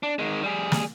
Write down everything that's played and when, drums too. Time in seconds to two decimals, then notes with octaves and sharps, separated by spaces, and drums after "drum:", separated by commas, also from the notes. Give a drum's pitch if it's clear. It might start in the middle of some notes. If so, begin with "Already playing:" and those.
0.03 D4
0.19 D#3 G#3
0.43 G3 G#4
0.72 drum: snare